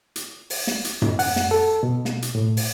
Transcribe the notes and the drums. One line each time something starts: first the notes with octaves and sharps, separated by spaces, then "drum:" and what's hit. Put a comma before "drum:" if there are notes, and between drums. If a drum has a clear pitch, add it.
drum: hi-hat
drum: open hi-hat
drum: snare
drum: hi-hat
drum: tom F#2
F#5, drum: open hi-hat
drum: snare
A4
B2
drum: snare
drum: hi-hat
A2
drum: open hi-hat